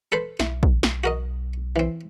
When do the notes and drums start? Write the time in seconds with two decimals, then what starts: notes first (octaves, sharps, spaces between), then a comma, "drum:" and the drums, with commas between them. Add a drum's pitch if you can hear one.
0.12 A4 B4 C5
0.40 B1 E4, drum: snare
0.63 drum: kick
0.83 drum: snare
1.04 F#4 A#4 D#5
1.76 E3 C4